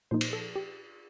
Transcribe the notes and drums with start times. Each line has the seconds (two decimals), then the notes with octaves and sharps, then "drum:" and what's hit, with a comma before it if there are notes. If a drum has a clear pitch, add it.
0.11 A#2 F3 A#3 D#4 C5
0.21 drum: cymbal
0.33 A4
0.56 G4